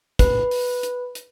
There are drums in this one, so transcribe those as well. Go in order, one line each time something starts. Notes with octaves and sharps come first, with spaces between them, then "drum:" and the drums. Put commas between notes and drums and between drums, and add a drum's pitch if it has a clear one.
B4, drum: kick, hi-hat
drum: open hi-hat
drum: hi-hat
drum: hi-hat